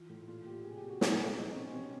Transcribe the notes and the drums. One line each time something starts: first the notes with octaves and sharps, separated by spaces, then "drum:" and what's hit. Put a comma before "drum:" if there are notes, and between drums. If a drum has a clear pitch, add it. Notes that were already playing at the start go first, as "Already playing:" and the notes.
Already playing: E3 F4
A2
A#2 F4
A#2 G4
C3 G#4
G4
C3
F#4
A#2 E4, drum: snare
G#4
F3
B2 D#4
C4
B2 C#4
C4
C3 C#4